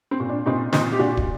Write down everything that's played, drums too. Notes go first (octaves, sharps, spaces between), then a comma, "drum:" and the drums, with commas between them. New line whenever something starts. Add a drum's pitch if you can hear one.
C4
A#2
D4
A#2 C4 D#4
A#2 C4 D#4, drum: snare
G4
A#2 D4 F#4
drum: kick